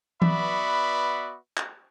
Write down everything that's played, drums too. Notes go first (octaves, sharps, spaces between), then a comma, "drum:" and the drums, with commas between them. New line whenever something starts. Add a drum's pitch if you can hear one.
B3 F#4 B4 D5 E5 B5, drum: tom E3
drum: clap